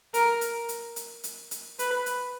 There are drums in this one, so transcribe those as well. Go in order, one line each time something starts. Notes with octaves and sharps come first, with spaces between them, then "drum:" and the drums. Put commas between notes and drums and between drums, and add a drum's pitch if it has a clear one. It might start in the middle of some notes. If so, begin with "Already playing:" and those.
A#4, drum: hi-hat
drum: hi-hat
drum: hi-hat
drum: hi-hat
drum: hi-hat
drum: hi-hat
B4, drum: hi-hat
drum: hi-hat